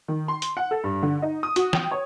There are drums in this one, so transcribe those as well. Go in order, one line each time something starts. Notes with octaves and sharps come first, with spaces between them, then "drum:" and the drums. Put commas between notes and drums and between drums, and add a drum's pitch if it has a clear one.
D#3
C6
drum: hi-hat
F#5
A4
G2
D3
D#4
D#6
F#4, drum: hi-hat
G5, drum: snare
C#5